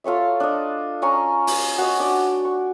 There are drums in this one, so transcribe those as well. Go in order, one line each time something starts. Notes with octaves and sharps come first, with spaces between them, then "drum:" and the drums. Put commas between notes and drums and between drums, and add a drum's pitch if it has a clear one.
F4 A4 C#5 E5
D4 D#5
C#4 G#5 A#5 C#6
drum: open hi-hat
F#4 D#5
D4 D5 F#5
C#6